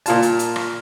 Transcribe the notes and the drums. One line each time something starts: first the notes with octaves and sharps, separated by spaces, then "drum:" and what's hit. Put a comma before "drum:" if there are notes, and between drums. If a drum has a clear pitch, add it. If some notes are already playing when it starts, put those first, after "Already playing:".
A#2 F4 A5, drum: hi-hat
drum: hi-hat
drum: hi-hat
drum: rim click